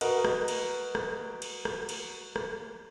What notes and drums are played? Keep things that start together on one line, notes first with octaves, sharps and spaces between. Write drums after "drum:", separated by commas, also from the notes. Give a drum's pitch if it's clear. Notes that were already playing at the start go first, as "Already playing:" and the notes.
F#4 A#4 B4 D#5, drum: cymbal
drum: rim click
drum: cymbal
drum: rim click
drum: cymbal
drum: rim click
drum: cymbal
drum: rim click